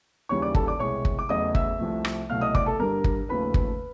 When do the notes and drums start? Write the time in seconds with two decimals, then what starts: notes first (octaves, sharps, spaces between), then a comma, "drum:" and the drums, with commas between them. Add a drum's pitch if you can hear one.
0.29 D#2 C#3 E3 G3 C#5 C#6
0.42 D5 D6
0.55 A4 A5, drum: kick
0.67 D5 D6
0.79 C2 B2 G#3 C#5 C#6
1.05 drum: kick
1.19 D6
1.29 E2 C#3 F#3 A3 D#5 D#6
1.55 E5 E6, drum: kick
1.79 C2 C3 F3 A3
2.05 drum: rim click
2.29 C2 B2 F#3 A3 F5 F6
2.41 D#5 D#6
2.55 D5 D6, drum: kick
2.66 A4 A5
2.79 G2 D3 G3 A#4 A#5
3.04 drum: kick
3.29 D#2 C#3 F3 A3 B4 B5
3.54 drum: kick